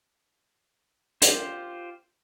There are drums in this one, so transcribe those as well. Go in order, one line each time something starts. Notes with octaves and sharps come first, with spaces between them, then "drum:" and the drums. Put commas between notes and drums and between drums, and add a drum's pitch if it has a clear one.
F4 G4 C5, drum: hi-hat